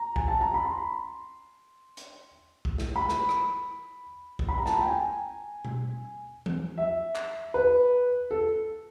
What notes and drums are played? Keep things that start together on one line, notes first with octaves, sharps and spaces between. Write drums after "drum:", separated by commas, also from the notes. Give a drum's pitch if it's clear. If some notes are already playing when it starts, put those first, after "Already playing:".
Already playing: A#5
G#5, drum: kick
A5
A#5
B5
C6
drum: hi-hat
drum: kick
drum: snare
B5
drum: snare
drum: rim click
drum: kick
B5
A#5
A5, drum: snare
A#5
G5
G#5
drum: tom B2
drum: tom E3
E5
drum: clap
B4
A4